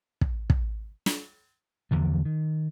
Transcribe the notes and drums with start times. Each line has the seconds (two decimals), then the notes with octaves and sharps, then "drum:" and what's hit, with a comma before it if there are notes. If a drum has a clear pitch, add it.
0.21 drum: kick
0.50 drum: kick
1.06 drum: snare
1.91 E2 D3 F3
2.25 D#3